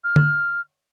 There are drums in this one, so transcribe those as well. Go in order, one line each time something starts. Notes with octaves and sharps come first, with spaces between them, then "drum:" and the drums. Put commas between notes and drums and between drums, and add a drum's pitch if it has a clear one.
F6
drum: tom